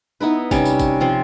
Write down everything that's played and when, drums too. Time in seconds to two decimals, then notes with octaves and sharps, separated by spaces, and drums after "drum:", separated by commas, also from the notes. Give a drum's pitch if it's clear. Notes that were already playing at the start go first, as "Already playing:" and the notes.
0.20 B3 D#4 E4 B4
0.51 C3 G3 C#4, drum: kick G#1, tambourine
0.65 drum: tambourine
0.80 drum: kick G#1, tambourine
1.00 F3 C4 F4